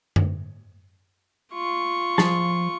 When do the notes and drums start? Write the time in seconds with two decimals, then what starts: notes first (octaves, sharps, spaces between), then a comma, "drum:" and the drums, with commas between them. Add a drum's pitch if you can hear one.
0.16 drum: tom F#2
1.53 F4 C#6
2.18 F3 G#4 A5, drum: snare